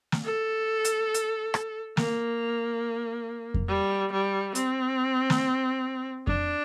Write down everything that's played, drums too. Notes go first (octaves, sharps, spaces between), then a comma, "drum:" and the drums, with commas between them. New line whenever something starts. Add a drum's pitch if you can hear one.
drum: snare
A4
drum: hi-hat
drum: hi-hat
drum: rim click
A#3, drum: snare
drum: kick F2
G3
G3
C4, drum: hi-hat
drum: snare
D4, drum: kick F2